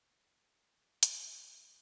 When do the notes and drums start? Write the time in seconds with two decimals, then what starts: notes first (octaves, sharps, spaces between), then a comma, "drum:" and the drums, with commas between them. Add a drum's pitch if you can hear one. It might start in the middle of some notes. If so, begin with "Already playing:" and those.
0.03 G#5
0.41 B5
1.03 A4, drum: hi-hat
1.56 C#5